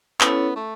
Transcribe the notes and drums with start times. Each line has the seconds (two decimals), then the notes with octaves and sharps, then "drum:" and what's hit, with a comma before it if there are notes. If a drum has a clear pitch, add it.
0.21 B3 C#4 E4 A4 C#5, drum: clap
0.56 A3